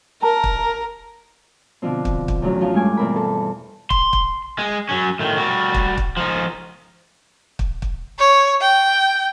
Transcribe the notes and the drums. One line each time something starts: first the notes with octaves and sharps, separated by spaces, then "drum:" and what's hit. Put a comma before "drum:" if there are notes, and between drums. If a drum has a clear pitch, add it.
A#4 A5 A#5
drum: kick
B2 D3 F3 C4
drum: kick
drum: kick
E2 A2 F#3 C#4
F3 F4
G2 G#3 A3 G5 G#5 D6
E2 B2 C4 A#4 B5
A4
C6, drum: kick
drum: kick
G#3
F#3 C#4
A2 D#3
G3 F#4
drum: kick
drum: kick
F3 D#4
drum: kick
drum: kick
C#5
G5